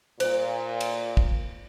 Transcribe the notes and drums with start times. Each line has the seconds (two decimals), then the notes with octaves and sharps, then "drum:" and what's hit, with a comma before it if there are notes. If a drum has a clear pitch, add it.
0.20 A#2 C5, drum: cymbal
0.81 drum: cymbal
1.17 drum: kick